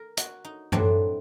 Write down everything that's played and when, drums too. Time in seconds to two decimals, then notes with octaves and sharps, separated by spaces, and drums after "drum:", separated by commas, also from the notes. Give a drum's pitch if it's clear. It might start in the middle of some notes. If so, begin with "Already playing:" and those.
Already playing: A#4
0.17 F#4, drum: hi-hat
0.45 D#4
0.72 A2 F#3 A3 C4 D4, drum: tom F#2